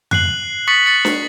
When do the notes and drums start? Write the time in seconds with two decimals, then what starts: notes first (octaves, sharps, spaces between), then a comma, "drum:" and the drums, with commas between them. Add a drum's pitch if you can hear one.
0.11 F#6 C7 F#7, drum: tom F2
0.68 C#6 D#6 A6 B6 C#7 F#7
0.86 A6 C#7 F#7
1.05 drum: snare D4